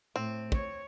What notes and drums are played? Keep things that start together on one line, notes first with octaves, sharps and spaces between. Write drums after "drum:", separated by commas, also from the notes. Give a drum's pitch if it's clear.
A2 C4
C#5, drum: kick